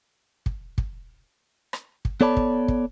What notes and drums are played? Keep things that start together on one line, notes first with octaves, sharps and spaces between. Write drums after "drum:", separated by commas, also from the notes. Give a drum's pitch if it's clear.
drum: kick
drum: kick
drum: rim click
drum: kick
B3 A4 C#5 D5 A5 B5
drum: kick
drum: kick